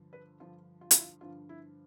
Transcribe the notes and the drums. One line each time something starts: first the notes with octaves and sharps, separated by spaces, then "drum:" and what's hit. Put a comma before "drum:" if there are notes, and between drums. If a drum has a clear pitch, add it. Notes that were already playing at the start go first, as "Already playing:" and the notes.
Already playing: G2 D3 F3
B4
G2 D3 F3 F4
F4
E4, drum: hi-hat
F4
G2 D3 F3 F4
E4